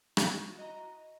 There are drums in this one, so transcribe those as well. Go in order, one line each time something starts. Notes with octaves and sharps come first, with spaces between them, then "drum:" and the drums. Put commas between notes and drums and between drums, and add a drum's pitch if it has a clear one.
E4 F#4, drum: rim click
D#5 A#5